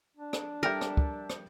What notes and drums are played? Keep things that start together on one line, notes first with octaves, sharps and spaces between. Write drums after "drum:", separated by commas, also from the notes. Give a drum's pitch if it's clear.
D4
drum: rim click
G3 A4 A#4 D5 E5 G5 G6
drum: rim click
drum: kick
drum: rim click